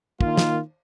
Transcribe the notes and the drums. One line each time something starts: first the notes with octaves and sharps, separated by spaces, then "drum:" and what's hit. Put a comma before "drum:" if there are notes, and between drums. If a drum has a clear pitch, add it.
D#3 A#3 F4, drum: kick
drum: snare